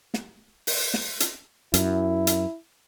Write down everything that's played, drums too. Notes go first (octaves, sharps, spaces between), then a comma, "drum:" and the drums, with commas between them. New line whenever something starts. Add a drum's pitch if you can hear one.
drum: snare
drum: open hi-hat
drum: snare
drum: hi-hat
F#2 E4, drum: hi-hat
drum: hi-hat